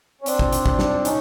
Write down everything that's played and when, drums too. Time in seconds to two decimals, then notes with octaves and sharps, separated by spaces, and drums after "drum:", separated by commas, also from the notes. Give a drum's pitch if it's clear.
0.22 C#4
0.26 C4 D4, drum: hi-hat
0.39 drum: kick
0.53 drum: hi-hat
0.66 drum: kick
0.79 drum: snare
1.05 C#4 D#4, drum: hi-hat